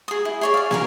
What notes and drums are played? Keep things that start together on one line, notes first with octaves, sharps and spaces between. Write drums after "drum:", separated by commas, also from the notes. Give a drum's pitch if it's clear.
G#4 D#6
E4
G#4 C#5 D5
D5 F5
A#4 F5 G#5, drum: snare